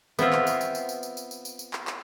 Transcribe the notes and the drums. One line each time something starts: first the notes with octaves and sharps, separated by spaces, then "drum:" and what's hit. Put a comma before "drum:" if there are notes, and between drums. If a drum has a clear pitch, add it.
B3 C4 E4 F4, drum: tambourine
drum: clap
drum: tambourine
drum: tambourine
drum: tambourine
drum: tambourine
drum: tambourine
drum: tambourine
drum: tambourine
drum: tambourine
drum: tambourine
drum: clap
drum: clap